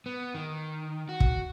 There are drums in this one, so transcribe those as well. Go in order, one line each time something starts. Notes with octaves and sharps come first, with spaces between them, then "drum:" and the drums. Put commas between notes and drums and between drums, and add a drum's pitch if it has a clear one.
B3
D#3
F#4
drum: kick